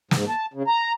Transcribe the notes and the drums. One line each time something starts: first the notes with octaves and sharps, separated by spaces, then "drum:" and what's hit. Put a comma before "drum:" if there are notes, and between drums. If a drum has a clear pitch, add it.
G#2, drum: snare
A5
C#3
A#5